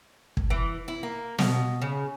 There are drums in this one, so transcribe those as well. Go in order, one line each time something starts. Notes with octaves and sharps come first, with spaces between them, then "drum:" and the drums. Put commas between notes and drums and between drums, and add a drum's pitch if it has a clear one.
drum: kick
E3
E4
A#3
B2, drum: snare
C#3